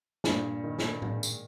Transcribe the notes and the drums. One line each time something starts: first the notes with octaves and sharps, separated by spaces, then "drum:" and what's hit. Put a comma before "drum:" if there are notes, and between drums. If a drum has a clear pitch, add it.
G2 A#2, drum: snare
D#3
drum: snare
G#3, drum: tom A2
drum: tambourine